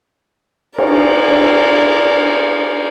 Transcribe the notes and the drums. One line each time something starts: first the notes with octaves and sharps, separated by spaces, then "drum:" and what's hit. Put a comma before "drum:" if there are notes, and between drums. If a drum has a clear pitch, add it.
A#4 D5, drum: cymbal
drum: cymbal